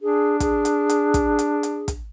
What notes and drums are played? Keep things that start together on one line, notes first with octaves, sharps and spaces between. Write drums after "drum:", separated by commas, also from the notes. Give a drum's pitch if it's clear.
D4 G#4
G#4, drum: kick, hi-hat
drum: hi-hat
drum: hi-hat
drum: kick, hi-hat
drum: hi-hat
drum: hi-hat
drum: kick, hi-hat